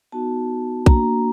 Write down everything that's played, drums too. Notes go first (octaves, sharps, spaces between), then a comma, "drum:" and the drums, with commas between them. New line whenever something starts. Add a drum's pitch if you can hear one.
B3 D#4 F#4 A5
A#3 D4 F#4 A#5, drum: kick B1